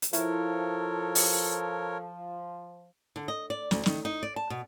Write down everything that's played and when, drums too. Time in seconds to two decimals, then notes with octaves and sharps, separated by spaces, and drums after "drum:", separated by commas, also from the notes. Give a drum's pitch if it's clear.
0.02 drum: hi-hat
0.13 F3 E4 A4 A#4 C#5, drum: hi-hat
1.15 drum: open hi-hat
3.16 D3
3.28 D#5
3.50 D5
3.71 D2, drum: snare
3.86 D#3, drum: snare
4.05 D#4
4.23 D5
4.36 A5
4.50 B2